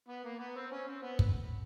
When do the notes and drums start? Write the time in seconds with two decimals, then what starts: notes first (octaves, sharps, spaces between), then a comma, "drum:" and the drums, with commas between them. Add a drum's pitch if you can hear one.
0.09 B3
0.25 A#3
0.40 B3
0.56 C4
0.72 C#4
0.88 C4
1.03 B3
1.19 drum: kick